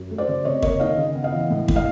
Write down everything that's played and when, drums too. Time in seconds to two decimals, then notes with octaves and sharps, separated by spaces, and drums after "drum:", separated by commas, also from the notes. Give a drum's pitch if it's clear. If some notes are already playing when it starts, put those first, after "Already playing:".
Already playing: F#2
0.11 A3
0.18 C5 D5
0.28 C#3
0.45 C3 C#5 D#5
0.62 A#3 C#5 D#5, drum: kick
0.80 D#3 D#5 F5
0.97 C#3
1.15 B3
1.24 D#5 F5
1.33 E3
1.50 A2
1.68 A2, drum: kick
1.76 D#5 F5